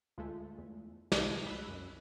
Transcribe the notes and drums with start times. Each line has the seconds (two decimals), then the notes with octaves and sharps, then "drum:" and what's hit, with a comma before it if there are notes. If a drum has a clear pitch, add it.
0.18 D2 G#3 A3 F4
0.58 E2
1.12 C2, drum: snare
1.46 B5 E6 F#6
1.68 F#2